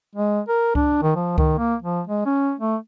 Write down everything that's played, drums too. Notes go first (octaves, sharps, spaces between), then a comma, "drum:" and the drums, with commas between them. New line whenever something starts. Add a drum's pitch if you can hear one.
G#3
A#4
D4, drum: kick C#2
D#3
F3
D#3, drum: kick C#2
A#3
F3
G#3
C#4
A3